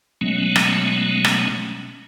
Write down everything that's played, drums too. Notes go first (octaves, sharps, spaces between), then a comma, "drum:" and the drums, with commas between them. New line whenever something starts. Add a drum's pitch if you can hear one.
B2 F#3 G#3 A3 B3 C#4
drum: rim click
drum: rim click